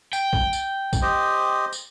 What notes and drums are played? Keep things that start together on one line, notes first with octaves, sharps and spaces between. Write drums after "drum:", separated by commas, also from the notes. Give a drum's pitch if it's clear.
G5, drum: tambourine
drum: kick
drum: tambourine
drum: kick, tambourine
G4 C5 D#5
drum: tambourine